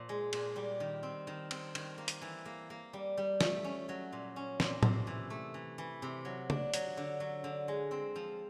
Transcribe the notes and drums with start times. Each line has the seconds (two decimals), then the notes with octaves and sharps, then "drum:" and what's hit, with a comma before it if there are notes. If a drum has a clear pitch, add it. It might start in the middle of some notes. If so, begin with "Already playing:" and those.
Already playing: A#2 F3
0.09 G#3
0.33 A#2, drum: cymbal
0.56 G3
0.80 D#3
1.03 C4
1.27 D#3
1.51 C4, drum: cymbal
1.75 D#3, drum: cymbal
1.98 A#3
2.08 drum: hi-hat
2.22 E3
2.46 A#3
2.70 A#3
2.93 G3
3.17 G3
3.41 A3, drum: snare
3.64 C#4
3.89 F#3
4.12 A#2
4.36 C#4
4.60 A#2, drum: snare
4.83 C3, drum: tom A2
5.07 E3
5.30 A3
5.54 E3
5.78 E3
6.02 C3
6.25 F#3
6.50 D4, drum: tom C#3
6.74 F#3, drum: hi-hat
6.97 D3
7.20 F#3
7.44 D3
7.68 G#3
7.91 C4
8.16 F3